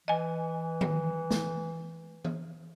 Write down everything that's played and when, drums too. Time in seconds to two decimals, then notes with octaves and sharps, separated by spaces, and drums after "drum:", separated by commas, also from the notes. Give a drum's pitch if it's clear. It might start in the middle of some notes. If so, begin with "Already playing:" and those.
0.08 E3 D#5 G#5
0.81 drum: tom D#3
1.31 drum: snare
2.25 drum: tom E3